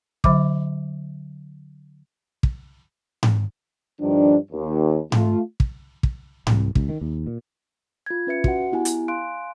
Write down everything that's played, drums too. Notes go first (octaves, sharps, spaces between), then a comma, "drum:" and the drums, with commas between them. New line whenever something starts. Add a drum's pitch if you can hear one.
D3 F#3 E5 D6, drum: kick
drum: kick
drum: tom G#2
G2 D#3 F3 D4
D#2
A3 F4, drum: tom G#2
drum: kick
drum: kick
C2, drum: tom G#2
C#2, drum: kick
D#3
D#2
A#2
F4 G#6
C#4 B4 E5 C#7
F#4 F#5, drum: kick
B3 E4 G4 G#5
drum: hi-hat
F5 G#5 C6 F#6 D7